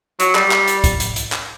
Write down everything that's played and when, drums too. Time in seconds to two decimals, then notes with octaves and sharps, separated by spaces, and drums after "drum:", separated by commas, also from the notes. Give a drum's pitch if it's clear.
0.20 F#3, drum: hi-hat
0.35 G3, drum: clap
0.51 drum: clap
0.68 drum: hi-hat
0.84 drum: kick, hi-hat
1.00 drum: hi-hat
1.16 drum: hi-hat
1.32 drum: clap